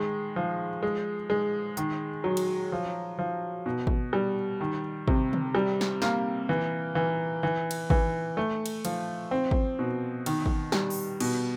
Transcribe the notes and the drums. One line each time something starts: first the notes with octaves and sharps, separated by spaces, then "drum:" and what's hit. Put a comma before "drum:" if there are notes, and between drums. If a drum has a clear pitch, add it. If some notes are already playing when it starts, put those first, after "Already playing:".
Already playing: D#3 G#3
F3
G#3
G#3
D#3, drum: hi-hat
F#3
drum: cymbal
F3
F3
B2
drum: kick G#1
G3
D#3
C3, drum: kick G#1
drum: tom D3
G3
drum: snare
A#3, drum: snare
E3
E3
E3
drum: cymbal
E3, drum: kick G#1
A3
drum: cymbal
F3, drum: cymbal
C4
drum: kick G#1
B2
D#3, drum: cymbal
drum: kick G#1
G3, drum: snare
drum: open hi-hat
B2, drum: cymbal